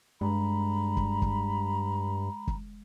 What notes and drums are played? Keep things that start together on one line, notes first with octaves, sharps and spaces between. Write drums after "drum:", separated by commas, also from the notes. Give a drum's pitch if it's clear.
G2 G#3 A#5 B5
drum: kick
drum: kick
drum: kick